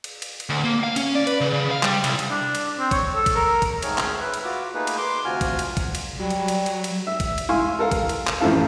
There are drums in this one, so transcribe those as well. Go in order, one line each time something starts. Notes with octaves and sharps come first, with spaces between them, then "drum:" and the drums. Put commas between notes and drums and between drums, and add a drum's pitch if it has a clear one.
drum: cymbal
drum: cymbal
drum: cymbal
D2
A#3
F5
C#4, drum: cymbal
D5
B4, drum: cymbal
C#3
C#3
F5
G3, drum: clap
C2, drum: cymbal
drum: cymbal
D4
drum: cymbal
C4
C#5, drum: kick, cymbal
A4
drum: kick, cymbal
A#4
drum: kick, cymbal
G#2 D#3 A3 G#4 C#5 F6, drum: cymbal
drum: clap
B4 E5
drum: cymbal
F4 F#4 D6
A3 A#3 D#4 G#4 B4
drum: cymbal
C6 D6
D2 C3 F4 F#4 G#5 F6
drum: kick, cymbal
drum: cymbal
drum: kick, cymbal
drum: cymbal
F#3 G3
drum: cymbal
drum: cymbal
drum: cymbal
drum: cymbal
E5
drum: kick, cymbal
drum: cymbal
E4 F5 G#5 C6
A4 A#4 F5
drum: kick, cymbal
drum: cymbal
drum: clap
A1 F#2 F3 E4 A4 F5